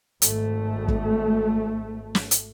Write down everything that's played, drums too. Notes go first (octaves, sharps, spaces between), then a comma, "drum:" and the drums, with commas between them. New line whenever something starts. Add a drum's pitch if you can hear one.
G#1 A3, drum: hi-hat
drum: kick
drum: snare
drum: hi-hat